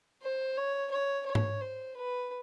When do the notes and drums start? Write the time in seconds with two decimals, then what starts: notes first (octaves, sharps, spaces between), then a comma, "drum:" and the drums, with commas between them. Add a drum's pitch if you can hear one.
0.22 C5
0.57 C#5
0.91 C#5
1.26 C#5
1.35 drum: tom G#2
1.61 C5
1.97 B4